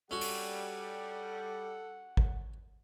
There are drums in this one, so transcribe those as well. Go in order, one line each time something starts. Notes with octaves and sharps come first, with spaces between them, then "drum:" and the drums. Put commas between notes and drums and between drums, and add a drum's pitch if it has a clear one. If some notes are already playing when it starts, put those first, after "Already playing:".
G3 C#4 F#4 A4 F#5
drum: open hi-hat
drum: kick G#1